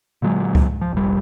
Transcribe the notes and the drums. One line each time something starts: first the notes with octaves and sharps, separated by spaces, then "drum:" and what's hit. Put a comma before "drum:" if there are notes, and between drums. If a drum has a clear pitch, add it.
A#2 D3 F#3 G#3
drum: kick C#2
F3
F1 A#1 G3